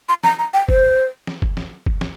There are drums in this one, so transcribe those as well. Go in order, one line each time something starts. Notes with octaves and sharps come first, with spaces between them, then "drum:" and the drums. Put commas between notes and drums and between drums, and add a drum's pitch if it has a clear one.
C6
A#5, drum: snare
A#5
G5
C5, drum: kick
drum: snare
drum: kick
drum: snare
drum: kick
drum: snare